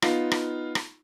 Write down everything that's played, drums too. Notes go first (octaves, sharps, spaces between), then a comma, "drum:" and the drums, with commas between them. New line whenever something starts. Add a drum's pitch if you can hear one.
B3 D#4 F4, drum: rim click
drum: rim click
drum: rim click